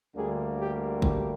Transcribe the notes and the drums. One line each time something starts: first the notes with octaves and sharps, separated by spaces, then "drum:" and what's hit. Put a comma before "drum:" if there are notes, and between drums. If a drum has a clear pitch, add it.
D2 D3 G3 A#3 G#4
G4
G4, drum: kick G1